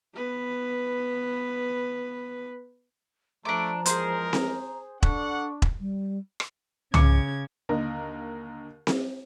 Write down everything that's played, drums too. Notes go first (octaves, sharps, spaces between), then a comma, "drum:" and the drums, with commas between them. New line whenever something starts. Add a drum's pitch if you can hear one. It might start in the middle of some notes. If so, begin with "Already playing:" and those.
B3 B4
F3 A3 D4 A#5 D6
E2 G#3 G#4 A#4 C5, drum: hi-hat
drum: snare C4
D4 A4 D5 F#5 C#6, drum: kick E1
drum: kick E1
G3
drum: rim click
C#3 D6 G#6 C#7, drum: tom
D#2 D3 A#4 D#5
drum: snare C4